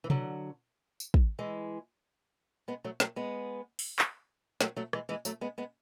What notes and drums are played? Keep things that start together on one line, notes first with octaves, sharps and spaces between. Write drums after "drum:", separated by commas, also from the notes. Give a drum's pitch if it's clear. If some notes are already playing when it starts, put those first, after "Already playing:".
E3
D3 F#3, drum: tom
drum: tambourine
drum: kick
E3 G#3
G#3 B3
F#3 A3
F#3 A3, drum: snare
G#3 B3
drum: open hi-hat
drum: clap
F#3 A3, drum: snare
F#3 A3
E3 G#3, drum: rim click
E3 G#3
F#3 A3, drum: tambourine
G#3 B3
G#3 B3